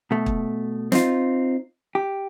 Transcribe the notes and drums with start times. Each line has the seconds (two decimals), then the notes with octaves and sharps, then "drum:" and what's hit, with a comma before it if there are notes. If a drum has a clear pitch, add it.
0.11 B2 A3
0.26 drum: kick
0.92 C4 D#4 F4, drum: snare
1.95 G4